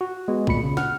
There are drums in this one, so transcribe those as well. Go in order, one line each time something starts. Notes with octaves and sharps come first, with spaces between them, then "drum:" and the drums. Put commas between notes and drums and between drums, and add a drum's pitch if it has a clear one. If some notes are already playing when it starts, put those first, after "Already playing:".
F#4
G#3 B3
D2 A#2 B5 C#7, drum: kick B1
C#3
F#5 F6, drum: snare